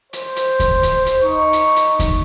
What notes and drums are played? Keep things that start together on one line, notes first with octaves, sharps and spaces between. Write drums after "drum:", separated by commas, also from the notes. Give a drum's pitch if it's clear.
C5, drum: hi-hat
drum: hi-hat
drum: kick D#2, hi-hat
drum: hi-hat
drum: hi-hat
D#4 C#6
drum: hi-hat
drum: hi-hat
drum: kick D#2, hi-hat